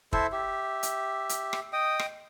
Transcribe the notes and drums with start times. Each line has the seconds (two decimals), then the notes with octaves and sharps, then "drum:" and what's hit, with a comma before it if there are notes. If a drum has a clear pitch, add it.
0.13 E4 A4 C5 E5, drum: kick
0.32 G4 E5
0.83 drum: hi-hat
1.29 drum: hi-hat
1.53 drum: rim click
1.73 D#5 G5 D#6
1.99 drum: rim click